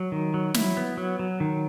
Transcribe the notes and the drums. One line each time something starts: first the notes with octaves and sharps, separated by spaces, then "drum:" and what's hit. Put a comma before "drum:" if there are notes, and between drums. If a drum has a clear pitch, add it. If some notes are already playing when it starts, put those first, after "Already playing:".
Already playing: F#3
D#3
F#3
E4, drum: snare
B3
F#3
F#3
D#3